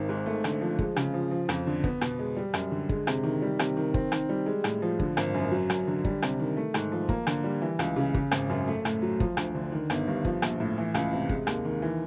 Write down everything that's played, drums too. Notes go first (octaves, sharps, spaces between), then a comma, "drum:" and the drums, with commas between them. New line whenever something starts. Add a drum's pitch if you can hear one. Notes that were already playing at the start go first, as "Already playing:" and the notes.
Already playing: G#1 D#3
G#2
A3
D3, drum: rim click
F3
G#3, drum: kick
C#3, drum: rim click
F3
F3
F2, drum: rim click
D3
B3, drum: kick
B2, drum: rim click
G#3
G3
F#2, drum: rim click
D3
G#3, drum: kick
C3, drum: rim click
D#3
G3
C3, drum: rim click
D#3
C4, drum: kick
D#3, drum: rim click
G3
G#3
A2, drum: rim click
F3
D3, drum: kick
G#1, drum: rim click
F#2
F#3
F#2, drum: rim click
D3
G3, drum: kick
C3, drum: rim click
D#3
A3
G#2, drum: rim click
F3
A#3, drum: kick
D3, drum: rim click
G3
E3
C#2, drum: rim click
C#3
C#3, drum: kick
G#1, drum: rim click
F#2
A3
A2, drum: rim click
F#3
F3, drum: kick
D2, drum: rim click
D3
D#3
G1, drum: rim click
G2
F3, drum: kick
A#1, drum: rim click
A2
E3
C#2, drum: rim click
C3
G#3, drum: kick
D#2, drum: rim click
D#3
E3